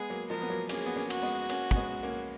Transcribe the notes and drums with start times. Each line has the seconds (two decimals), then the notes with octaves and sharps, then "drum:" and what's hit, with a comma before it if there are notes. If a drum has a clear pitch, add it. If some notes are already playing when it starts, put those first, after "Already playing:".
Already playing: G#3 B3 G#4
0.10 F#3 A#3
0.29 F3 G#3 A#4
0.42 B3
0.50 F#3 A#3
0.69 A#3 C#4 G#4, drum: cymbal
0.86 B3
0.96 A#3 C#4
1.10 F#4, drum: cymbal
1.22 G#3 B3
1.50 A#3 C#4, drum: cymbal
1.71 C#4, drum: kick
1.76 G#3 B3
2.03 A#3 C#4